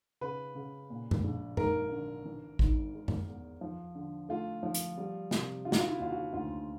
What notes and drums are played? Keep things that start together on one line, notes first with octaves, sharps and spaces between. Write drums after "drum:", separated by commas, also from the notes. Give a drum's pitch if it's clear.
C#3 B4
C#3
A#2
drum: tom F#2
A#1
G#1 A#4, drum: tom F#2
D3
E3
G#1, drum: kick A1
G#3
drum: tom F#2
E2
F3
D3
A3 F4
F3
drum: hi-hat
G3
C3, drum: snare
D3 F4
F#4, drum: snare
F4
E4
D#2 F4
F#4
D2 F4